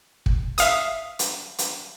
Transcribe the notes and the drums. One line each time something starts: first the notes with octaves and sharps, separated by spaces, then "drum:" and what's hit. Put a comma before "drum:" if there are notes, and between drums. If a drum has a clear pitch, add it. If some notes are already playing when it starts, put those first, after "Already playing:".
drum: kick
E5 F5 D#6, drum: hi-hat
drum: hi-hat
drum: hi-hat